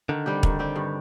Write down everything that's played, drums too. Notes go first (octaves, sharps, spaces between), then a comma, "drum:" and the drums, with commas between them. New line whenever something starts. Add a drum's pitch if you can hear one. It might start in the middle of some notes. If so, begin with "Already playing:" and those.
D3 D#3
G3 C4 G4
D#3, drum: kick
G3 C4 G4
G2